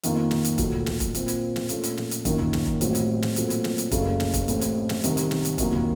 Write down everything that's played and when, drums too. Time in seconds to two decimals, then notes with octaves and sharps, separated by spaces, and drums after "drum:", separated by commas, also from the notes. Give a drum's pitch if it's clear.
0.03 F2 D#3 A#3 F4, drum: hi-hat
0.31 drum: snare
0.45 drum: hi-hat
0.58 A#2 F#3 A3, drum: kick, hi-hat
0.72 drum: tom
0.86 drum: snare
1.00 drum: kick, hi-hat
1.15 A#2 F3 C4, drum: hi-hat
1.28 drum: hi-hat
1.56 drum: snare
1.69 A#2 A3 C#4 F4, drum: hi-hat
1.83 drum: hi-hat
1.97 drum: snare
2.11 drum: hi-hat
2.25 F#2 D#3 A#3 F4, drum: kick, hi-hat
2.39 drum: tom
2.53 drum: snare
2.67 drum: kick
2.81 A1 A2 F#3 C4 F4, drum: hi-hat
2.95 drum: hi-hat
3.22 drum: snare
3.36 A#2 F#3 A3 C4, drum: hi-hat
3.50 drum: hi-hat
3.64 drum: snare
3.78 drum: hi-hat
3.91 F#1 F#2 C#3 F#3 A3, drum: kick, hi-hat
4.20 drum: snare
4.34 drum: kick, hi-hat
4.48 A1 A2 A3 C4, drum: hi-hat
4.61 drum: hi-hat
4.89 drum: snare
5.04 C2 C3 D#3, drum: hi-hat
5.17 drum: hi-hat
5.31 drum: snare
5.45 drum: hi-hat
5.58 F2 D#3 F#3 A#3, drum: kick, hi-hat
5.73 drum: tom